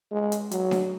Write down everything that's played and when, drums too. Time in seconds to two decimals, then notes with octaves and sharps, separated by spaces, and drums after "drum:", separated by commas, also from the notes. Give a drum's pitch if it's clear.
0.12 G#3
0.32 drum: hi-hat
0.51 F#3, drum: hi-hat
0.71 drum: snare D4